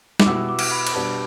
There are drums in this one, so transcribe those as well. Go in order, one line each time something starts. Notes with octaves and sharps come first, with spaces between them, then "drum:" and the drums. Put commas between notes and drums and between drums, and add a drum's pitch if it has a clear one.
D6, drum: snare
B2 B3 E4 G4 E6
D6
drum: cymbal
B5
B5, drum: cymbal
B2 G3 D4 B4 A5